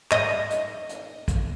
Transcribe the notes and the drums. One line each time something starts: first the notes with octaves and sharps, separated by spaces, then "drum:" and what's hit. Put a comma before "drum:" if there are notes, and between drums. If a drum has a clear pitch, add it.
D#5, drum: clap
drum: hi-hat
drum: hi-hat
drum: kick, hi-hat